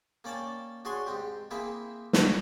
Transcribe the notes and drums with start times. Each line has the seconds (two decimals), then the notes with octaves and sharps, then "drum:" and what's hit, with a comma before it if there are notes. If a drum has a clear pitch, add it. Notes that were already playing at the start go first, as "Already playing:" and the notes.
0.24 A#3 C#4 D5 G5 A5
0.85 D4 F#4 G#4 C#5 C6 C#6
1.06 G#2 C4 G4
1.51 A#3 C4 E4 G#4 E5
2.13 drum: snare